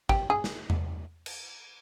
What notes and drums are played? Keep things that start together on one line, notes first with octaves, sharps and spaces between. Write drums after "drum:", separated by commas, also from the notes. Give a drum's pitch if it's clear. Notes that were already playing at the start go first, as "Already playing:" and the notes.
G4, drum: kick
G#4
drum: snare
drum: tom E2
drum: cymbal